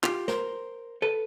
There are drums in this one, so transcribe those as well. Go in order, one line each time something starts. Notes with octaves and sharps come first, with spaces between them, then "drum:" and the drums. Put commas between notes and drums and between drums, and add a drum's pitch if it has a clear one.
F4 G4, drum: clap
A#4 C5, drum: snare
A4 B4